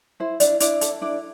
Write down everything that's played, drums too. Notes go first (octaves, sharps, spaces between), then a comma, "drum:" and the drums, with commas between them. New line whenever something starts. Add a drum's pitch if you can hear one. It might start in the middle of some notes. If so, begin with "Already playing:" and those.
E4 C5
D4 E4 D5, drum: hi-hat
D4 E4 D5, drum: hi-hat
A4, drum: hi-hat
D4 E4 D5